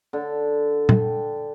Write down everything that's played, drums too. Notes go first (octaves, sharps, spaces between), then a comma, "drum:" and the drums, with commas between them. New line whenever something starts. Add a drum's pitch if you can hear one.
D3
G5, drum: tom